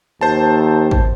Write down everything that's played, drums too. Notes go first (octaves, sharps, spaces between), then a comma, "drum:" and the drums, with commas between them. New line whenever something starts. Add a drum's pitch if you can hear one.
D#2 C5 A5
drum: kick G#1